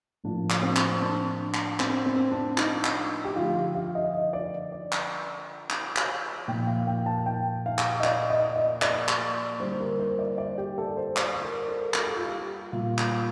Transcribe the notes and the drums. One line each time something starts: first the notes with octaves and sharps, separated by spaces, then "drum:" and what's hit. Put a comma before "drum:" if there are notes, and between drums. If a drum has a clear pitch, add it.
A2 F3 A#3 D4
drum: clap
C4
drum: clap
D4
drum: clap
C4, drum: clap
C4
D4
D#4, drum: clap
drum: clap
G4
D3 F3 A3 F4
G4
F5
D#5
D#5
D5
D5
drum: clap
drum: clap
drum: clap
A#2 F3 A#3 G5
F5
G5
A5
G5
F5
drum: clap
D#5
D5, drum: clap
D#5
D#5
D5, drum: clap
drum: clap
D3 G3 A#3 C5
A#4
C5
D5
D5
G4
A4
C5
D5, drum: clap
C5
A#4
A4
A4, drum: clap
G4
F4
G4
A#2 G3 A#3 F4
drum: clap